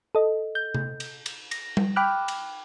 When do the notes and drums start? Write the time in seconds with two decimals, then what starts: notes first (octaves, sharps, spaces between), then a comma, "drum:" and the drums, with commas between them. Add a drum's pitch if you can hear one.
0.15 A4 D#5
0.55 G6
0.74 drum: tom C3
1.00 drum: cymbal
1.26 drum: cymbal
1.51 A#6, drum: cymbal
1.77 drum: tom G3
1.96 G5 B5 D6 F6 F#6
2.28 drum: cymbal